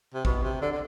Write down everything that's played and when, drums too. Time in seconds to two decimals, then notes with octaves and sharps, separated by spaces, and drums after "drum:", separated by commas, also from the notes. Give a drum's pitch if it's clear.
0.14 C3
0.25 B2, drum: kick A1
0.43 C3
0.61 D3
0.72 D3